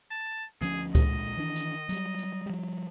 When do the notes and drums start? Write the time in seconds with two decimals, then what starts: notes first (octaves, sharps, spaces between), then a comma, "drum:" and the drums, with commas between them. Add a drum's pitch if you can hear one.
0.11 A5
0.61 D2 F3 C#4 G#4, drum: hi-hat
0.95 A#1 A#2 G#3 D#5, drum: kick C#2, hi-hat
1.37 D#3 E3 D4
1.56 drum: hi-hat
1.89 F#3 G3, drum: hi-hat
2.18 drum: hi-hat
2.46 F3 G3